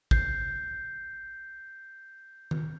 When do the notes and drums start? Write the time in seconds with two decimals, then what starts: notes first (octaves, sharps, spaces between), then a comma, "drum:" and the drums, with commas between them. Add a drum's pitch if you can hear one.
0.11 G6 C7, drum: kick A1
2.51 drum: tom D#3